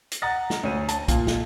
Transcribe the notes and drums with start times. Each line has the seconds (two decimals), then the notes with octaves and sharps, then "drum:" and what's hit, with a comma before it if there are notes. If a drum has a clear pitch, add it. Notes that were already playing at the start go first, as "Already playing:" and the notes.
0.12 drum: hi-hat
0.22 F#5 A#5 D#6 A6 A#6
0.50 drum: snare
0.63 D2 C#5 D#7
0.88 A5, drum: hi-hat
1.08 A#2 F5, drum: kick, hi-hat
1.27 drum: snare